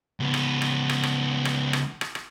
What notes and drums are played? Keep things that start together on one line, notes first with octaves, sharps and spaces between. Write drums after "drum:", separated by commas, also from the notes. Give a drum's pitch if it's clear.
C#2 B3
drum: rim click
drum: rim click
drum: rim click
drum: rim click
drum: rim click
drum: rim click
drum: rim click
drum: rim click